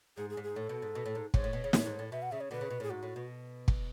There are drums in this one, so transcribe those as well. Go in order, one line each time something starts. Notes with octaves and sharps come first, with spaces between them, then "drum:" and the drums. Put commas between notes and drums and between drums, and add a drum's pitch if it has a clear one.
G#2 G#4
G#4
G#2
G#4
A2 A4
B2
G#2
B2
A2
G#2
G#2 C#5, drum: kick
A2
B2
C#3
A2, drum: snare
G#2
A2
B2 E5
F#5
C#3 E5
C#5
B2 D3 B4
C#3
B2
A2 G#4
G#2 F#4
A2
B2
drum: kick